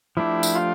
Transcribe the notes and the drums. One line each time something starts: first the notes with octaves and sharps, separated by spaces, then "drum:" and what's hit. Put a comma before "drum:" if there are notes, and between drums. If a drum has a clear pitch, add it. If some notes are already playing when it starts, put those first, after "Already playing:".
F3 A3 D4 E4 G4
drum: tambourine
F4